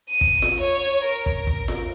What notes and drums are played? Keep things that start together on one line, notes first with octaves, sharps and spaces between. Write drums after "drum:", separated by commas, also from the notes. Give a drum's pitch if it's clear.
D#7
drum: kick
drum: snare F4
C#5
A#4
drum: kick
drum: kick
drum: snare F4